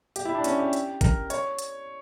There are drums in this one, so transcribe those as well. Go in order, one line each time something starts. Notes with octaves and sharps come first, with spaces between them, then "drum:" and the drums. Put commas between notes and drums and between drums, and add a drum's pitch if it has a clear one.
G4, drum: hi-hat
E4
D4
C#4, drum: hi-hat
G4
drum: hi-hat
A#4, drum: kick, hi-hat
C#5, drum: hi-hat
drum: hi-hat